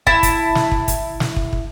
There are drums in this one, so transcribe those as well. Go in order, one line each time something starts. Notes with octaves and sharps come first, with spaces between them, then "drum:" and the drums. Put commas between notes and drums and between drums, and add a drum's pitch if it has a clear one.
E4 A5, drum: kick
drum: kick, hi-hat
drum: snare
drum: kick
drum: kick, hi-hat
drum: snare
drum: kick
drum: kick